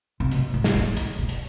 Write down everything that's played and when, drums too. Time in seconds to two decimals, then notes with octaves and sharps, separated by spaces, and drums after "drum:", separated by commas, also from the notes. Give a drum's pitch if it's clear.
0.20 C3
0.31 B2, drum: hi-hat
0.54 A2
0.64 drum: snare
0.75 A2
0.97 A2, drum: hi-hat
1.19 B2
1.29 drum: hi-hat